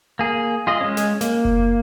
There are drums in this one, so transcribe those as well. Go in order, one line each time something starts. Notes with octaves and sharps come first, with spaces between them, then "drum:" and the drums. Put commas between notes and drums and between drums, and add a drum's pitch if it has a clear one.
A#3 G#4
F4 G#4 D#5
G#3 C#4
drum: snare
A#3, drum: snare
drum: kick F#1